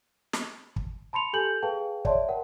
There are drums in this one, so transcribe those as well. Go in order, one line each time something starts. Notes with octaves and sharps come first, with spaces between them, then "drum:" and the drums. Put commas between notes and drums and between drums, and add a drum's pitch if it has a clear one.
drum: snare
drum: kick
A5 B5 C6 C#7 F7
G4 A4 G#5 G6 F#7
G#4 B4 F5 G5 A5
C#5 D5 E5 A5 C6, drum: kick
A#4 F#5 G5